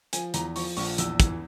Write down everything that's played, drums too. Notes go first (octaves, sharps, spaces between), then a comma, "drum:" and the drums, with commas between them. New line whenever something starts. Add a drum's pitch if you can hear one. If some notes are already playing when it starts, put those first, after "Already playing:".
F3 G#5, drum: hi-hat
E2 A#5, drum: hi-hat
F3 C#6, drum: open hi-hat
A#1 C#6, drum: open hi-hat
E2 E6, drum: hi-hat
E3, drum: kick, hi-hat